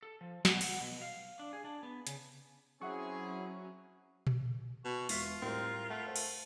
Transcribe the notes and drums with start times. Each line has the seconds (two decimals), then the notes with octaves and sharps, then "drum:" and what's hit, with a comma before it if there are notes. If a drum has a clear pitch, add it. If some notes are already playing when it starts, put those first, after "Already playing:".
0.03 A4
0.21 F3
0.45 B3, drum: snare
0.61 F#5, drum: cymbal
0.80 B2
1.02 F5
1.39 D4
1.53 G#4
1.65 D4
1.83 B3
2.07 C#3, drum: hi-hat
2.82 F#3 C4 C#4 E4 G#4 E5 F#5 C#6
4.27 drum: tom A#2
4.85 B2 C#6
5.09 E1 F4 E5 B6, drum: open hi-hat
5.42 A2 G3 C4 A#4
5.90 A3 F#5
6.05 A#4 C5 F#5
6.16 drum: cymbal